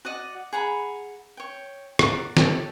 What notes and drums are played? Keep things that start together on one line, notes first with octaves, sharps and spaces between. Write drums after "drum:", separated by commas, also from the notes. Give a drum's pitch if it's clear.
F#4 D5 D#5 F#5
G#4 F#5 A#5 B5
C#5 G5
F#4 D5 A#5, drum: rim click
G4 A4 C#5, drum: snare